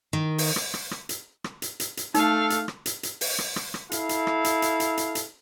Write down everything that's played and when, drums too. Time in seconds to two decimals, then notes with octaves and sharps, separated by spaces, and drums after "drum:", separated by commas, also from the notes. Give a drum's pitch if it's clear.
0.13 D#3
0.38 drum: open hi-hat
0.56 drum: rim click
0.74 drum: rim click
0.91 drum: rim click
1.09 drum: hi-hat
1.44 drum: rim click
1.62 drum: hi-hat
1.80 drum: hi-hat
1.97 drum: hi-hat
2.14 A3 D#4 A4 F5, drum: hi-hat
2.50 drum: hi-hat
2.68 drum: rim click
2.86 drum: hi-hat
3.03 drum: hi-hat
3.21 drum: open hi-hat
3.39 drum: rim click
3.56 drum: rim click
3.74 drum: rim click
3.92 E4 A4 F5, drum: hi-hat
4.09 drum: hi-hat
4.27 drum: rim click
4.44 drum: hi-hat
4.62 drum: hi-hat
4.80 drum: hi-hat
4.97 drum: hi-hat
5.15 drum: hi-hat